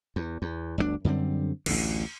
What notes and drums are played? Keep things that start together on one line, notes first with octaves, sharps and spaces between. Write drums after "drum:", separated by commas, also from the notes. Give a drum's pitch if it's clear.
E2
E2
G1 D2 C3 D4
F#2 D3 G3 C4
A1 D2 D3, drum: cymbal